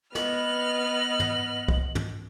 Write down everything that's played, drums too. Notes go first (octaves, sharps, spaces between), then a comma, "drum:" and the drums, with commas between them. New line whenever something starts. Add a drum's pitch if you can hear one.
B3 B4 D#5 F6 F#7, drum: snare
drum: tom
drum: kick C2
drum: tom